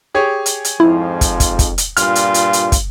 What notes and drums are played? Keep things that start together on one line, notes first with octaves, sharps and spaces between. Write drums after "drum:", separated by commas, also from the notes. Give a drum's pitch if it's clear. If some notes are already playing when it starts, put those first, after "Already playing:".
G4 G#4 C#5
drum: hi-hat
drum: hi-hat
F2 G#2 F3 E4
drum: kick, hi-hat
drum: kick, hi-hat
drum: kick, hi-hat
drum: hi-hat
G2 A#2 F4 F6, drum: hi-hat
drum: hi-hat
drum: hi-hat
drum: hi-hat
drum: kick, hi-hat